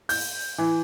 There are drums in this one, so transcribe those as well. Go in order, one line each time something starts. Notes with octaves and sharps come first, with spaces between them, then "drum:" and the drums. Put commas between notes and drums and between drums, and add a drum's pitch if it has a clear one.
G6, drum: open hi-hat
E3